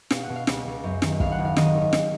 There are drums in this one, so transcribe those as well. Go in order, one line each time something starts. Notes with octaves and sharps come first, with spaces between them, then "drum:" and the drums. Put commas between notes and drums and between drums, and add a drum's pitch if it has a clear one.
B2 F5, drum: snare
F#5
B2
F5
C#2 F5, drum: snare
C#2
F#2
D#3, drum: snare
F#1 F5, drum: kick
F#5
F#1
F5
D#3 D#5, drum: snare
G#1
drum: snare